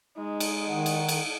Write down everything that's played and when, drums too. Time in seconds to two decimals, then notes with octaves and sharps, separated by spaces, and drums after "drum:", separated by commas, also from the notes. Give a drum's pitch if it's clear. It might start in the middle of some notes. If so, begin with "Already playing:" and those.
0.18 G#3 D#4
0.40 drum: cymbal
0.68 D#3 F#5
0.86 drum: cymbal
1.09 drum: cymbal